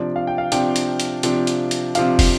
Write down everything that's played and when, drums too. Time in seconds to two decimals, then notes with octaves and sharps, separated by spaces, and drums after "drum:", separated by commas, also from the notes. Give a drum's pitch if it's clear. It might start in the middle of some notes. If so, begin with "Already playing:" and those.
Already playing: C3 F3 D4 D5
0.16 F5
0.27 G5
0.38 F5
0.52 C3 F3 D4 G5, drum: hi-hat
0.76 drum: hi-hat
1.00 drum: hi-hat
1.23 C3 F3 D4, drum: hi-hat
1.47 drum: hi-hat
1.71 drum: hi-hat
1.95 C3 F3 D4 F5, drum: hi-hat
2.19 drum: kick, open hi-hat